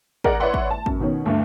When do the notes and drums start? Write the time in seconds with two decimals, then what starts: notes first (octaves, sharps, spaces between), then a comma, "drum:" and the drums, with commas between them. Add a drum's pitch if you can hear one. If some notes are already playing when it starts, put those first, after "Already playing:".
0.24 G#4 A#4 D5 D#5 F#5, drum: kick
0.40 B4 C#5 D5 E5 F#5 C6
0.54 drum: kick
0.70 A5
0.86 F#2, drum: kick
1.00 B2 D#3 C#4
1.26 D2 G2 A3